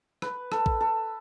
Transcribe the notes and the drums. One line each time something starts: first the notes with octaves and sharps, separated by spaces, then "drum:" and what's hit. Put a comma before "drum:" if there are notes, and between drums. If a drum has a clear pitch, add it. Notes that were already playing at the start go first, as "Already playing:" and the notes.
B4, drum: rim click
A4, drum: rim click
drum: kick A#1
A4